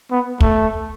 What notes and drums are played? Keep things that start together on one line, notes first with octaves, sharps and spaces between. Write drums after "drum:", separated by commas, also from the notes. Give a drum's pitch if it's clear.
B3
A3, drum: kick